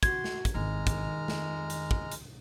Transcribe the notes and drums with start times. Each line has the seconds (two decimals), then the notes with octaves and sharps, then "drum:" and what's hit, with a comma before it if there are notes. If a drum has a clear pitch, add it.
0.03 F#4 C6 G#6, drum: kick, hi-hat
0.24 drum: snare
0.45 drum: kick, hi-hat
0.54 G#1 D#3 G#3 E4 A#5 F6
0.87 drum: kick, hi-hat
1.28 F2, drum: snare
1.70 drum: hi-hat
1.91 drum: kick
2.12 drum: hi-hat